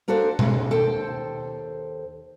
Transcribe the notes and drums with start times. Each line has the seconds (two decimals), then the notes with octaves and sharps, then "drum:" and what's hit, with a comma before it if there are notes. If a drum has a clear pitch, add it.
0.08 A#3 D4 F#4 A4 C5
0.39 G#3, drum: tom B2
0.71 D#2 A4 C5 G5